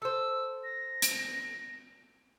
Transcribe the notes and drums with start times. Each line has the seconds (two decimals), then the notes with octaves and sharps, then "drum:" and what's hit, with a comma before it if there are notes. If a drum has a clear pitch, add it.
0.02 A4 C5 E6
0.64 A#6
1.02 drum: hi-hat